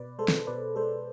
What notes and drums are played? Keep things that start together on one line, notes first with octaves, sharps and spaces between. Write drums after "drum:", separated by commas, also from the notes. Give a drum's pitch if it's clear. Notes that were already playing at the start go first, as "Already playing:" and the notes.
Already playing: B2 B4 D5
G#3 A4 C5
drum: snare
B2 B4 D5
G#3 A4 C5